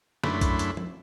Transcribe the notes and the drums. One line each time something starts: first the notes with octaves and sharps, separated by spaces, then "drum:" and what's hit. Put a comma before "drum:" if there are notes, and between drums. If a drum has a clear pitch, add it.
F#2 A3 D4 E4 B5 C6, drum: snare A3
drum: kick B1, hi-hat
drum: hi-hat
drum: tom